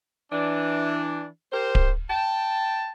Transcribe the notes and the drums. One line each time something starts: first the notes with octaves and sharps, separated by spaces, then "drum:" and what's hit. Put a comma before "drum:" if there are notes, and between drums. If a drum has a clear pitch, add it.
E3 D4
G4 A#4 C5
drum: kick D1
G5 A5